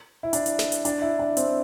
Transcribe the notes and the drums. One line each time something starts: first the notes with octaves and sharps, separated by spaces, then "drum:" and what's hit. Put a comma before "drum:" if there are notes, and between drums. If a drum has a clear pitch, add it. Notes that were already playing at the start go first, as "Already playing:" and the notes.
E4
D4, drum: hi-hat
drum: hi-hat
drum: snare
drum: hi-hat
D4, drum: hi-hat
E4
D4
C4, drum: hi-hat